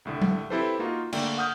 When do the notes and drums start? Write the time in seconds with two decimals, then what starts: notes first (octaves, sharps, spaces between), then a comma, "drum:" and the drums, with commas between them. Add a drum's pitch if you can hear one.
0.05 C2 A2 D3
0.22 drum: tom F#3
0.50 C4 E4 G4 A4 B4 C5
0.79 A#3 D#4 F4 F#4
1.12 D3 A3 A#3 D5 G5, drum: cymbal
1.38 F#5 D#6 F6 G6